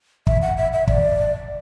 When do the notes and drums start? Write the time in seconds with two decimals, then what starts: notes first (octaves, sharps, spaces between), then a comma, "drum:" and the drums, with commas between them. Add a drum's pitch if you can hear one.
0.27 E5, drum: kick
0.42 F#5
0.57 E5
0.73 E5
0.87 D5, drum: kick